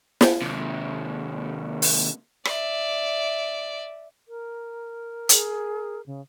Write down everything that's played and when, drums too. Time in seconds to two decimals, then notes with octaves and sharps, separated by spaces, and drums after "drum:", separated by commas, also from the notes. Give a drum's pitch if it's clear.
0.21 drum: snare
0.42 D#2 C3
1.82 drum: open hi-hat
2.45 D5 E5, drum: rim click
4.28 A#4
5.29 G#4, drum: hi-hat
6.07 C#3